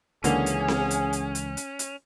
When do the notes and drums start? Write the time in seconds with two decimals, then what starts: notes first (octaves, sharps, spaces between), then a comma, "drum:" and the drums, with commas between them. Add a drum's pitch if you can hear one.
0.24 C#2 D3 E3 A#3 C#4 G#4, drum: hi-hat
0.46 drum: hi-hat
0.68 drum: snare C4
0.90 drum: hi-hat
1.13 drum: hi-hat
1.35 drum: hi-hat
1.57 drum: hi-hat
1.79 drum: hi-hat